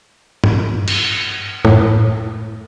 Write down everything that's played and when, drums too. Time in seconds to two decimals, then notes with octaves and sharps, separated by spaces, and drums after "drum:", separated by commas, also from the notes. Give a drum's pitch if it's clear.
0.44 drum: tom G2
0.88 drum: cymbal
1.65 A2, drum: tom F#2